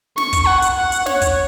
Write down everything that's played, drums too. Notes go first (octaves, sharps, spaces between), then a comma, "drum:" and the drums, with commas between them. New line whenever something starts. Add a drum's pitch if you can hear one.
C#6, drum: snare
drum: kick, hi-hat
F#5
drum: hi-hat
F#5
drum: hi-hat
C#5, drum: snare
drum: kick, hi-hat